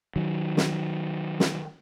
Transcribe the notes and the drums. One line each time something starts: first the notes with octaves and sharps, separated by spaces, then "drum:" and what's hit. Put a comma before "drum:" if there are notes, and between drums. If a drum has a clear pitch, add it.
D#3 F#3
drum: snare
drum: snare